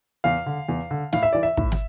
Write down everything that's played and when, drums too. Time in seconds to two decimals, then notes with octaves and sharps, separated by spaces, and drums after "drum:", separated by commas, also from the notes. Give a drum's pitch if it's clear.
0.24 E2 F5
0.46 D3
0.69 E2
0.91 D3
1.13 A2 F5, drum: snare
1.23 E5
1.33 E3 D5
1.43 E5
1.57 A2, drum: kick
1.72 drum: snare